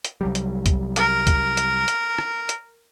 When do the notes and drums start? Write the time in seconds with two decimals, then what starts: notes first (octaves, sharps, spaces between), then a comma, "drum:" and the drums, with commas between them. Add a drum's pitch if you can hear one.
0.05 drum: hi-hat
0.21 C2 F#3 G3
0.35 drum: hi-hat
0.66 drum: kick, hi-hat
0.96 A#4, drum: hi-hat
1.27 drum: kick, hi-hat
1.57 drum: hi-hat
1.88 drum: hi-hat
2.18 drum: rim click
2.49 drum: hi-hat